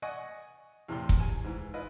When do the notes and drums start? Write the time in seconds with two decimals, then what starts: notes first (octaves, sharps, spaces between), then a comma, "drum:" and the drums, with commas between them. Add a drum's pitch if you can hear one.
0.02 D5 D#5 F#5 G#5 C#6
0.88 E2 A2 C3 G4 C6
1.09 drum: kick
1.20 G#5
1.44 G#2 E3
1.74 E4 F4 B4 D#5